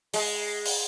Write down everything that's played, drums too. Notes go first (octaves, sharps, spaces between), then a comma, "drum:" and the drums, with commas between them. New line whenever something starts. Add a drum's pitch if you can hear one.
G#3, drum: open hi-hat
drum: open hi-hat